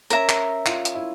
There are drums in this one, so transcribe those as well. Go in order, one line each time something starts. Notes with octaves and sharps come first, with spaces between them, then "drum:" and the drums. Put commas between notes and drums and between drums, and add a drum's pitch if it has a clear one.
C#4 A#4 E5 A#5, drum: hi-hat
drum: clap
F4, drum: clap
drum: hi-hat
E4